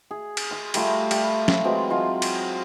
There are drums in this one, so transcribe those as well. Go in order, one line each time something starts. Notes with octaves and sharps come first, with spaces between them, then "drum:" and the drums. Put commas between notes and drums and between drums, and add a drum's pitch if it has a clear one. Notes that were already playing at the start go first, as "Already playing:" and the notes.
G#4
drum: cymbal
G#5 C6
G3 A3 F4, drum: cymbal
G3, drum: cymbal
drum: snare
E3 F#3 G#3 C4
F#3 G#3 F4
drum: cymbal